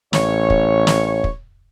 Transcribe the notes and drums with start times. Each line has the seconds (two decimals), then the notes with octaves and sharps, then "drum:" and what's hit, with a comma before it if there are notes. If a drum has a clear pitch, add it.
0.13 A1 C#5, drum: snare
0.50 drum: kick
0.87 drum: snare
1.24 drum: kick